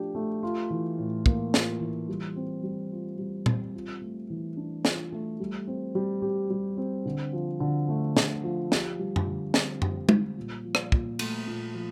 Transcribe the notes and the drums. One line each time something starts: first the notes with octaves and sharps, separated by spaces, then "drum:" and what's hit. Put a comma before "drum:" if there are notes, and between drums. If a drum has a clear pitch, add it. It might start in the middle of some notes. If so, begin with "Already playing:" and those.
Already playing: F3 A3 D4 G4
A3
F4
E3
A2
A#3, drum: kick
F4, drum: snare
E3
G3
C4
G3
F4
G3
C4, drum: tom A#2
F4
A3
E3
D4
F4, drum: snare
A3
G3
C4
G3
G4
G3
C4
D3
F3
D3
A3
D3, drum: snare
F3
G4, drum: snare
G3
drum: tom F#2
D3
C4, drum: snare
G4, drum: tom F#2
G3, drum: tom
A#2
F3
drum: rim click
A#2, drum: kick
A3, drum: cymbal
A#2
F3